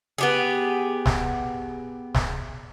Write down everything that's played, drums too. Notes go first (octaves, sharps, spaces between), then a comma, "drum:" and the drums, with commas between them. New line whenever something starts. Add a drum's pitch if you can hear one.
B3 G4 G#4
drum: snare
drum: snare